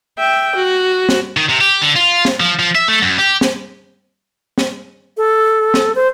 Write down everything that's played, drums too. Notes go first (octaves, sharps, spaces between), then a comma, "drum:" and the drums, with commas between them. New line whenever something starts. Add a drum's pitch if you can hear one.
E5 G5
F#4
drum: snare
D#3
C3
G4
D3
F4
drum: snare
F3
F3
E5
A3
F#2
G4
drum: snare
drum: snare
A4
drum: snare
C5